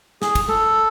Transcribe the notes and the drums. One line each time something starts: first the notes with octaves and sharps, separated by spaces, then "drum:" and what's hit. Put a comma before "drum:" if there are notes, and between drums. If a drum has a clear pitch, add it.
G#4, drum: snare
drum: kick, cymbal
A4, drum: tom G#3